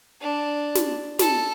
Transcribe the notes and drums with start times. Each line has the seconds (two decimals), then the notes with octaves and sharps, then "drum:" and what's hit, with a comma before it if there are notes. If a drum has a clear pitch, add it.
0.21 D4
0.75 drum: snare
1.19 A4, drum: snare